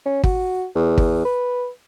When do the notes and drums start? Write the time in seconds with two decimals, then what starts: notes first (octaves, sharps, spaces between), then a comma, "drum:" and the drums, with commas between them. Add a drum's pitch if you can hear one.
0.06 C#4
0.24 F#4, drum: kick
0.75 E2
0.98 drum: kick
1.25 B4